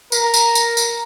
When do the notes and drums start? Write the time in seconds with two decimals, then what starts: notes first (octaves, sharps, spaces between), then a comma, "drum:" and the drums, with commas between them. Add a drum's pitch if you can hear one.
0.12 A#4, drum: tambourine
0.34 drum: tambourine
0.55 drum: tambourine
0.77 drum: tambourine